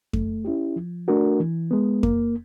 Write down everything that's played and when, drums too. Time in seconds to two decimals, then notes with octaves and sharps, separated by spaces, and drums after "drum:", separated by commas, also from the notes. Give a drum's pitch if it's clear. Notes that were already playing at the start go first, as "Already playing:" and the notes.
0.13 A3, drum: kick F2
0.45 C#4 E4 G4
0.76 F3
1.08 A3 D4 F#4 A#4
1.40 E3
1.71 G#3 B3
2.03 A#3, drum: kick F2